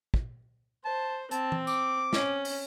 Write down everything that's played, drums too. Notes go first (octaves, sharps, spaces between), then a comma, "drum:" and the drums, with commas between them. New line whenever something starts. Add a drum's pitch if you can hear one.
drum: kick
C5 A5
C4 A5, drum: hi-hat
drum: tom E3
D6, drum: tambourine
C#4, drum: snare
drum: open hi-hat